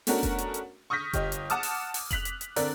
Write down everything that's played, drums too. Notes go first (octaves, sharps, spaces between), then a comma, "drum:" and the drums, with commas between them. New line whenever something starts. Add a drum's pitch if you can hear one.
A3 B3 C#4 D4 F#4 A#4, drum: open hi-hat
drum: kick F1, hi-hat
drum: hi-hat
drum: hi-hat
C#6 D#6 F6 G6 A#6 B6
G1 G4 D#5, drum: kick F1, hi-hat
drum: hi-hat
F#5 A5 D6 D#6 F6, drum: hi-hat
drum: open hi-hat
drum: open hi-hat
F#6 B6 F7 F#7, drum: kick F1, hi-hat
drum: hi-hat
drum: hi-hat
D3 C4 A#4 D5 F#6, drum: open hi-hat